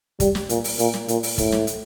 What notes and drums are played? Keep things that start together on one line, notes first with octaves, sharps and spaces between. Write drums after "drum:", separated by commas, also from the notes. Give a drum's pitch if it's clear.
G3, drum: kick, hi-hat
drum: snare
A#2, drum: hi-hat
drum: open hi-hat
A#2, drum: hi-hat
drum: snare
A#2, drum: hi-hat
drum: open hi-hat
A2, drum: kick, hi-hat
drum: snare
drum: hi-hat